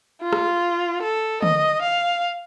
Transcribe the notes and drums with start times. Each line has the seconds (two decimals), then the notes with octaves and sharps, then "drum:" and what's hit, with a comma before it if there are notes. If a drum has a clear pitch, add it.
0.22 F4
0.33 drum: rim click
1.02 A4
1.43 D#5, drum: tom D3
1.82 F5